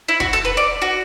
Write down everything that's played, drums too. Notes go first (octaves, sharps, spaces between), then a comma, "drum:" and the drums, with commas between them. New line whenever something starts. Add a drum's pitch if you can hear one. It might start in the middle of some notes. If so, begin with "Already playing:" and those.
E4
F#4, drum: kick
A4
B4
D5
F#4